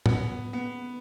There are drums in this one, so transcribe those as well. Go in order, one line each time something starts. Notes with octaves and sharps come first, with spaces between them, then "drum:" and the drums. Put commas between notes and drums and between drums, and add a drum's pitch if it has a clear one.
B3, drum: tom A2
B3